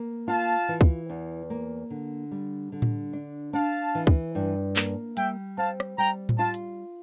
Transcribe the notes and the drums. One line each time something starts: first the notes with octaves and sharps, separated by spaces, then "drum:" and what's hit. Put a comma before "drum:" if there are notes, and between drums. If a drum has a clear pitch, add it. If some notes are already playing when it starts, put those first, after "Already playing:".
Already playing: A#3
F4 F5 A5
E3
drum: kick C#2
E2
A#3
D3
G3
D3
drum: tom A2
D4
D4 F5 A5
E3
drum: kick C#2
G2
A#3, drum: clap
G3 E5 G5, drum: hi-hat
C4 F5 A5
drum: rim click
G3 G5 A#5
drum: tom A2
F4 F5 A5
drum: hi-hat